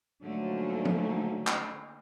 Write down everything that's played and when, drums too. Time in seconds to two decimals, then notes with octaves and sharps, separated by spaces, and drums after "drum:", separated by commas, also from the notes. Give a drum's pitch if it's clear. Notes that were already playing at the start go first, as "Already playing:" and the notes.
0.23 G#2 D3 F3 F#3 A3 A#3
0.85 drum: tom
1.47 drum: clap